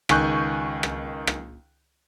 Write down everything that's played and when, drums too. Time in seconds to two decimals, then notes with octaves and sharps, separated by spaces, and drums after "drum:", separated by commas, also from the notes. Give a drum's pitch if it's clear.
0.09 C#2 D#3 G#5 C#6 F#6 G6, drum: rim click
0.83 drum: rim click
1.27 drum: rim click